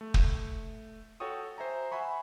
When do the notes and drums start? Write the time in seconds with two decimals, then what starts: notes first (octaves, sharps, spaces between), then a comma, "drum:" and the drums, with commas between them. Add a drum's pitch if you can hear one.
0.01 A3
0.14 drum: kick
1.20 F#4 A4 C#5 G5 C#6 D#6
1.58 C5 E5 G#5 A#5
1.91 E5 F#5 G#5 B5 C#6